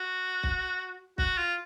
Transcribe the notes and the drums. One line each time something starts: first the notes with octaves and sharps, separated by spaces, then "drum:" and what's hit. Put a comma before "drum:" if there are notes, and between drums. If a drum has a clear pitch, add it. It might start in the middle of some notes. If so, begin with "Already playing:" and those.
Already playing: F#4
drum: kick
F#4, drum: kick
F4